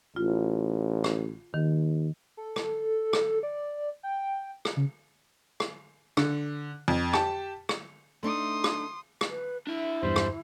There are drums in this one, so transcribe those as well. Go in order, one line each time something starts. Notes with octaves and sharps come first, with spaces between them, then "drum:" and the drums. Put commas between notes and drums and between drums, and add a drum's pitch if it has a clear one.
A1 F4
drum: rim click
D#2 D#3
A4
drum: rim click
drum: rim click
D5
G5
drum: rim click
C#3
drum: rim click
D3, drum: rim click
F2
G4 A5, drum: rim click
drum: rim click
A3 D4 D#4 C6 D#6
drum: rim click
drum: rim click
B4
D4 E4 E5
E2 G2 G3 C5
drum: rim click